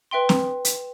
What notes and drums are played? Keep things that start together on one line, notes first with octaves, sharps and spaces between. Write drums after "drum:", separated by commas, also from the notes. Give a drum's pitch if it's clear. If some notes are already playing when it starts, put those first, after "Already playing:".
B4 E5 G5 C6
drum: snare C4
drum: hi-hat